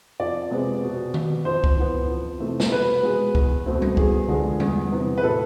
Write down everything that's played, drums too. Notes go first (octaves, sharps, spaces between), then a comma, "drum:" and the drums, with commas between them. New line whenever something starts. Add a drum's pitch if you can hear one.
F2 D5
C3 G#3 B3
B2
B3, drum: tom D#3
F2 C5
drum: kick C#2
E3 B3
F2
C3 E3 A3
drum: snare
B2 B4
G#3 B3
E2, drum: kick C#2
B2 A3 C4
drum: tom G3
E2 G#4, drum: kick C#2
D3 F3 G#3
E2, drum: tom G3
C3 E3 B3
B4
A2 A4